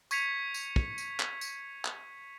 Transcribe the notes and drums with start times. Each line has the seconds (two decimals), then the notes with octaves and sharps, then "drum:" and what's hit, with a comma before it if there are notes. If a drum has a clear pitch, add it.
0.11 C#6 G#6 B6 C#7 F7, drum: tambourine
0.54 drum: tambourine
0.76 drum: kick
0.98 drum: tambourine
1.20 drum: clap
1.41 drum: tambourine
1.85 drum: clap